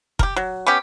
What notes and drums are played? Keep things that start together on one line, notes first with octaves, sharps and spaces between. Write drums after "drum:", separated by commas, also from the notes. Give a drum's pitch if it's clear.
G4 A#4, drum: kick
F#3
B3 C#4 G4